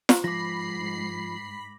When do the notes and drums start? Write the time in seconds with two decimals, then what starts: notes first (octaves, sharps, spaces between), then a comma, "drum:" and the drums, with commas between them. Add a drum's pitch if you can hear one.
0.09 drum: snare
0.24 G#2 F3 B5 D6 A#6 C7